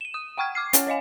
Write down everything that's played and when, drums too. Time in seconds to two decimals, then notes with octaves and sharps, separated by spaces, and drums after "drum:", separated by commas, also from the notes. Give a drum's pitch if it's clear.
0.01 D#7 E7
0.14 D#6
0.38 F#5 G5 C#6 F6 G#6
0.55 D6 F6 C7
0.73 C#4 C#5 F#5 G#5, drum: hi-hat
0.87 C#5 D#5 F5 G#5